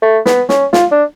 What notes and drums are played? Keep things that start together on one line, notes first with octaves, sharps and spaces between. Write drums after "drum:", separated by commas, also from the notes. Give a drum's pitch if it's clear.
A3
B3, drum: snare
C#4, drum: snare
F4, drum: snare
D4